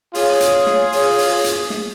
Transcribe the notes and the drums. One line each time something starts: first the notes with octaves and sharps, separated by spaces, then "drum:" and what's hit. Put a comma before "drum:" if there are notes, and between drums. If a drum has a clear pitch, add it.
F4 G#4 C#5, drum: open hi-hat
drum: hi-hat
drum: snare
drum: open hi-hat
drum: open hi-hat
drum: hi-hat
drum: snare